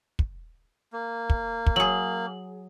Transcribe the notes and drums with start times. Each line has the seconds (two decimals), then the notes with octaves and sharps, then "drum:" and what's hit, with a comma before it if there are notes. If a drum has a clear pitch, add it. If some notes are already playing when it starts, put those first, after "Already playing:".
0.19 drum: kick
0.93 A#3
1.30 drum: kick
1.66 drum: kick
1.76 F#3 G#4 F#7